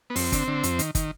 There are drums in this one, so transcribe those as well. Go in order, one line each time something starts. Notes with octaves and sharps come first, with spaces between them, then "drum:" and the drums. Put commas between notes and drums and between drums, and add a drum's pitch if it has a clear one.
B3
F2 C4, drum: open hi-hat
D3, drum: kick, hi-hat
D3
F2, drum: hi-hat
D#3, drum: hi-hat
D#3, drum: kick, hi-hat